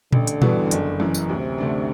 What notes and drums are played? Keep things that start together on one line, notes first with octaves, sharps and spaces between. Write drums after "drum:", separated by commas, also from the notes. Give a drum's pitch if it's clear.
A1 D3, drum: tom A#2
drum: hi-hat
G2 E3 B3 F#4, drum: tom A#2
F#1, drum: hi-hat
F#2 E3
drum: tambourine
D2 C3
D3 A3 D4